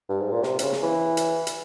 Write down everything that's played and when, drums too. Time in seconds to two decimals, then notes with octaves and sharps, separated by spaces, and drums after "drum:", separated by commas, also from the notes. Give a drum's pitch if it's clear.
0.09 G2
0.21 G#2
0.32 A#2
0.43 C3, drum: snare
0.59 C3, drum: hi-hat
0.63 C#3
0.73 drum: snare
0.83 E3
1.17 drum: hi-hat
1.47 drum: hi-hat